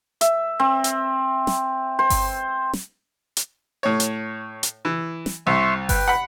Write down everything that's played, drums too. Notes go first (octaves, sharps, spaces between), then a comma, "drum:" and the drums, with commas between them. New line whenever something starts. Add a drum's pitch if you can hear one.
E5, drum: hi-hat
C4
drum: hi-hat
drum: snare
C5
drum: kick G1, open hi-hat
drum: snare
drum: hi-hat
A2 C#5
drum: hi-hat
drum: hi-hat
E3
drum: snare
C2 E5 C6 C#6
B4 G5, drum: kick G1, open hi-hat
F#5 B5